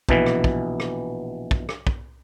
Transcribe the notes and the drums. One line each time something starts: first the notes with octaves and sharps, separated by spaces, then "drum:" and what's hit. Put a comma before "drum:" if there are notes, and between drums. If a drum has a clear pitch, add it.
A#1 B2 E3, drum: kick
drum: rim click
drum: kick
drum: rim click
drum: kick
drum: rim click
drum: kick